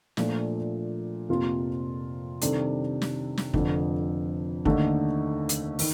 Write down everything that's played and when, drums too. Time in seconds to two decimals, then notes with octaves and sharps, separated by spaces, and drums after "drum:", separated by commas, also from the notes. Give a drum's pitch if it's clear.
0.17 A#2 F3 A3 D4, drum: snare
1.29 F2 C3 F3 A#3 F4
2.41 C3 D#3 G3 D4 A4, drum: hi-hat
3.02 drum: snare
3.37 drum: snare
3.54 F1 F2 D3, drum: kick
4.65 D#2 D3 A3 D#4 A4, drum: kick
5.49 drum: hi-hat
5.79 D#3, drum: open hi-hat